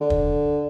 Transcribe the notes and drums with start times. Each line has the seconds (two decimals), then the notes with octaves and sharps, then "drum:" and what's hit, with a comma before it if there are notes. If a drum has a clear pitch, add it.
0.01 D3
0.10 drum: kick